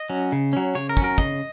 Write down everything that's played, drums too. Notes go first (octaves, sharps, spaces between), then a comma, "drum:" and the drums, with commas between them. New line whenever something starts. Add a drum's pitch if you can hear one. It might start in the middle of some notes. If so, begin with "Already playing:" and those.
Already playing: D#5
F#3 C#4
C#3
F#3 C#4
C#3 C#5
A#4
C#4, drum: kick
F#3 A#4
C#3 D#5, drum: kick